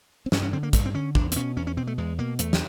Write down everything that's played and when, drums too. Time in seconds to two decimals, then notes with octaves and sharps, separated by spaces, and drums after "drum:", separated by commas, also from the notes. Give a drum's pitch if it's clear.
0.26 C4
0.32 G2 C#4, drum: snare
0.43 C#4
0.53 D3 C4
0.63 A#3
0.73 G2 A3, drum: kick, hi-hat
0.86 C4
0.94 D3 C#4
1.15 E2 D4, drum: kick
1.32 C4, drum: hi-hat
1.36 B2 C#4
1.57 E2 C#4
1.67 C#4
1.77 B2 C4
1.87 A3
1.98 E2 G#3
2.18 B2 A#3
2.39 E2 A3, drum: hi-hat
2.53 drum: snare